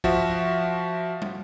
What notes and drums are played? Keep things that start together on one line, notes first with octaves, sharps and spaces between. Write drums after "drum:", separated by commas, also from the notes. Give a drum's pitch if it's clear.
F3 F#4 E5, drum: kick
drum: tom